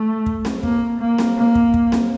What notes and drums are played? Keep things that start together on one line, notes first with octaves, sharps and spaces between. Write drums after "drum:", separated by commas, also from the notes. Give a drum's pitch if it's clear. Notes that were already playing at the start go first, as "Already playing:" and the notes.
Already playing: A3
drum: kick
drum: snare C4
A#3, drum: kick
A#3
drum: snare C4
A#3
drum: kick
drum: kick
drum: snare C4